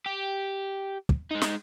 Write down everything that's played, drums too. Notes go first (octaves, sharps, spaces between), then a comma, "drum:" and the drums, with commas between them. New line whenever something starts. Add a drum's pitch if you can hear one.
G4
drum: kick
G#3 D#4
drum: snare